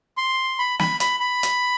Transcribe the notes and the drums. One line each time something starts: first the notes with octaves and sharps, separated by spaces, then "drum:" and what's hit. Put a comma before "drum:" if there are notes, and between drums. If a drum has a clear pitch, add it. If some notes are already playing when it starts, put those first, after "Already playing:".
C6
B5
B5, drum: snare
B5, drum: hi-hat
B5
drum: hi-hat